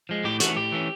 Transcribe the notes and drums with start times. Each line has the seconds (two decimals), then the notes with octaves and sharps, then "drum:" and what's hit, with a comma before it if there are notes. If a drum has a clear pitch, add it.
0.09 F3 G#3
0.24 A2 G4
0.40 E3 A3 C#4 F#4, drum: hi-hat
0.56 A2 G4
0.72 E3 A3 C#4